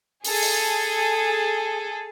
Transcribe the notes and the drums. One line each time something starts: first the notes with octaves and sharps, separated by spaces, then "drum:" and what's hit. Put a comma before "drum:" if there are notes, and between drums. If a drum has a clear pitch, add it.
G#4 A4, drum: open hi-hat
drum: open hi-hat